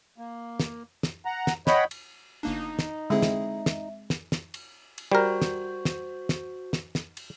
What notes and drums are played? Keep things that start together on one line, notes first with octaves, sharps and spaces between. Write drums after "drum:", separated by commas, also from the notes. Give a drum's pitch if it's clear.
A#3
drum: snare
drum: snare
F#5 A#5
drum: snare
C#5 D#5 F#5 G5 B5, drum: snare
drum: cymbal
G1 A#3 D4 D#4
drum: snare
D3 G#3 C4 E4 G#4 E5
drum: snare
drum: snare
drum: snare
drum: snare
drum: cymbal
drum: cymbal
G3 F#4 A#4 C5
drum: snare
drum: snare
drum: snare
drum: snare
drum: snare
drum: cymbal